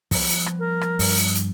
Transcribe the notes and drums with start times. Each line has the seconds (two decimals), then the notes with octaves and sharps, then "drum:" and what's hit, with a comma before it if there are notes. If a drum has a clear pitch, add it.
0.11 F3 G3 B3, drum: kick, open hi-hat
0.29 drum: hi-hat
0.46 drum: rim click
0.59 A#4
0.81 drum: rim click
0.99 G2, drum: open hi-hat
1.17 drum: hi-hat
1.34 drum: hi-hat